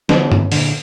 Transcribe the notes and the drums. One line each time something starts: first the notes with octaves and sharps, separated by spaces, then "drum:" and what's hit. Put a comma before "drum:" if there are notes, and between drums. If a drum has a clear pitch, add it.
D3 E3 B3 C#4, drum: snare
drum: tom G2
A#2 D3, drum: open hi-hat